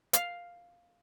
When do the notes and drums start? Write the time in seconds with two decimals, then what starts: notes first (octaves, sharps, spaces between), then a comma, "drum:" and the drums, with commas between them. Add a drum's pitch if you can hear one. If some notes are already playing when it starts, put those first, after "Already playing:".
0.13 F5, drum: hi-hat